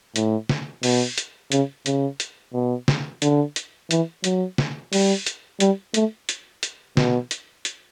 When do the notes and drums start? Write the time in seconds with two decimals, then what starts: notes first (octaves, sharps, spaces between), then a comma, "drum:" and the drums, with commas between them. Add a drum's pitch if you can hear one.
0.16 A2, drum: hi-hat
0.49 drum: snare
0.83 B2, drum: open hi-hat
1.18 drum: hi-hat
1.52 C#3, drum: hi-hat
1.86 C#3, drum: hi-hat
2.20 drum: hi-hat
2.54 B2
2.88 drum: snare
3.22 D3, drum: hi-hat
3.56 drum: hi-hat
3.91 E3, drum: hi-hat
4.24 F#3, drum: hi-hat
4.58 drum: snare
4.93 G3, drum: open hi-hat
5.26 drum: hi-hat
5.60 G3, drum: hi-hat
5.94 A3, drum: hi-hat
6.29 drum: hi-hat
6.63 drum: hi-hat
6.97 B2, drum: snare
7.31 drum: hi-hat
7.65 drum: hi-hat